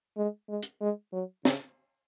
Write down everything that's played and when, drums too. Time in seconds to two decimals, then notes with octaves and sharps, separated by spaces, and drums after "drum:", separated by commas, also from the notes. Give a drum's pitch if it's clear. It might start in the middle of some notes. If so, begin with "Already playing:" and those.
0.17 G#3
0.49 G#3
0.63 drum: hi-hat
0.81 G#3
1.13 F#3
1.45 C#3, drum: snare